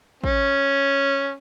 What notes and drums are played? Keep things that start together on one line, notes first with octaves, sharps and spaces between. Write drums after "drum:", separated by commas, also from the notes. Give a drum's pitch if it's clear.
C#4, drum: kick A1